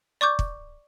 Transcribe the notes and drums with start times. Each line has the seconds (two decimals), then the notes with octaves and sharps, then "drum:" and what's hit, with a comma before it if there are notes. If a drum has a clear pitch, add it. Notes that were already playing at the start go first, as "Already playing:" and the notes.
0.21 D5 C#6 D6 G6
0.39 drum: kick